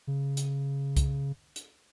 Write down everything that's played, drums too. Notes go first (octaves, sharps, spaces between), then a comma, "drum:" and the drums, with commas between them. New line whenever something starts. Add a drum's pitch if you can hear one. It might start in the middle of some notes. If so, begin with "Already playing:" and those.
C#3
drum: hi-hat
drum: kick C2, hi-hat
drum: hi-hat